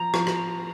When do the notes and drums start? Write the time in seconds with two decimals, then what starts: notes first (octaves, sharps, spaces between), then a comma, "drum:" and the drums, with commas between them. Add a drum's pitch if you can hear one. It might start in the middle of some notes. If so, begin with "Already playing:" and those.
Already playing: F3 A#5
0.14 F3, drum: rim click
0.27 drum: rim click